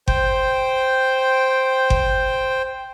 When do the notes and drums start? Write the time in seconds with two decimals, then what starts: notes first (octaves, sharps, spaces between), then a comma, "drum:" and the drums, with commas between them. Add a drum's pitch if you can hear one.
0.08 C5 G5, drum: kick G1
1.90 drum: kick G1